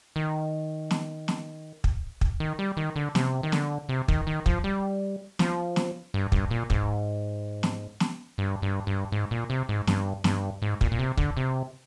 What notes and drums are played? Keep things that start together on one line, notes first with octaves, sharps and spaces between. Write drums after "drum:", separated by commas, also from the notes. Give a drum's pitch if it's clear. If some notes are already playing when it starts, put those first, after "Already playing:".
D#3
drum: snare
drum: snare
drum: kick
drum: kick
D#3
G3
D#3
D3
C3, drum: snare
D#3
D3, drum: snare
C3
D#3, drum: kick
D#3
F3, drum: kick
G3
F3, drum: snare
drum: snare
G2
G2, drum: kick
A#2
G#2, drum: kick
drum: snare
drum: snare
G2
G2
G2
G#2
A#2
C3
G#2
G2, drum: snare
G2, drum: snare
G#2
A#2, drum: kick
A#2
C3
D3, drum: kick
C3